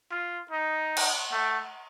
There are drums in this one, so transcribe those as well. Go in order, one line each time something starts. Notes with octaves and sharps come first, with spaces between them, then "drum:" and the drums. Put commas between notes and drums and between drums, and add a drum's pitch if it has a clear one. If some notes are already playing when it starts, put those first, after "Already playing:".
F4
D#4
drum: cymbal
A3